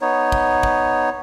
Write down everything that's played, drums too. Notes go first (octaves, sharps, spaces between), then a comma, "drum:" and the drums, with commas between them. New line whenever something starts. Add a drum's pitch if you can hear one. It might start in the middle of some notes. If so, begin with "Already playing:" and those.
B3 D#4 C#5
drum: kick
drum: kick